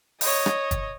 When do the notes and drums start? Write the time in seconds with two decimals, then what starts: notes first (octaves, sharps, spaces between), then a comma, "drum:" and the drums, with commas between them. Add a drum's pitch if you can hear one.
0.21 C#5 D#5, drum: open hi-hat
0.46 drum: rim click
0.71 drum: kick, hi-hat